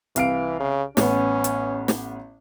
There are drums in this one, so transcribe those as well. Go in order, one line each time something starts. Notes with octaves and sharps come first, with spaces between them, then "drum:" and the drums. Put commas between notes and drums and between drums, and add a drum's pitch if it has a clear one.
C2 E3 F5 D7, drum: hi-hat
C#3
A1 B3 C#4, drum: snare
drum: hi-hat
drum: snare